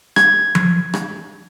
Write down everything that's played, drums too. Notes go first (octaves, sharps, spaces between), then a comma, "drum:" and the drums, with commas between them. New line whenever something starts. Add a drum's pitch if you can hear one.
G#6, drum: rim click
drum: tom F3
drum: rim click